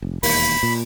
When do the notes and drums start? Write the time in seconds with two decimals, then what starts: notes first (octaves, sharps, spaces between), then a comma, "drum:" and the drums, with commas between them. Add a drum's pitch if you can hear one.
0.02 F1
0.23 E1 D#2 A#3 B5, drum: open hi-hat
0.63 A#2